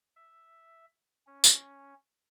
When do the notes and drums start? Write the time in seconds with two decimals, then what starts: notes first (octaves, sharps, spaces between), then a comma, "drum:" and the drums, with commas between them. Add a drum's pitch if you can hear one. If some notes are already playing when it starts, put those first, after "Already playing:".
0.16 E5
1.27 C#4
1.44 drum: tambourine